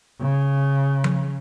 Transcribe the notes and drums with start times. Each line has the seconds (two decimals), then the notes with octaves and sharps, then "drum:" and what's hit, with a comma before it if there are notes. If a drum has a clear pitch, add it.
0.20 C#3
1.04 drum: tom F3